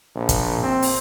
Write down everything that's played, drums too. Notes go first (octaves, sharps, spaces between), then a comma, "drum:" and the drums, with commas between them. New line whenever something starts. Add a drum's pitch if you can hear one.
A#1
drum: kick, hi-hat
C4
drum: open hi-hat